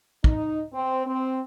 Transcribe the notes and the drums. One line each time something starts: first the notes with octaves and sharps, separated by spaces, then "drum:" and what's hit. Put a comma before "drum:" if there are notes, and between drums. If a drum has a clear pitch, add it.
D#4, drum: kick
C4
C4